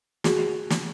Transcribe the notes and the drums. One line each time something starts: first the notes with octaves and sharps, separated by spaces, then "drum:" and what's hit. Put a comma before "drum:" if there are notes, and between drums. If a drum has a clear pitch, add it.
F#4 G#4, drum: snare
drum: snare